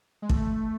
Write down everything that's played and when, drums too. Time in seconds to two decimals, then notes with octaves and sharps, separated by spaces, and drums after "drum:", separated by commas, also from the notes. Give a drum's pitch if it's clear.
0.22 G#3
0.29 A3, drum: kick